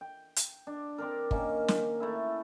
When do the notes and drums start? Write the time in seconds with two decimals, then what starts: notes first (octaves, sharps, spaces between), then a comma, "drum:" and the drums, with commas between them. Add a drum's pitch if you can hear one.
0.01 G5
0.36 drum: hi-hat
0.67 D4
0.98 C4 D4 A#4
1.31 D#3 A#3 C#4, drum: kick
1.68 drum: snare
2.00 A3 E4 E5